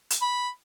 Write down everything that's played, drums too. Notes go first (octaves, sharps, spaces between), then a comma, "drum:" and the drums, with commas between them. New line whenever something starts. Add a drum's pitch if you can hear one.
drum: hi-hat
B5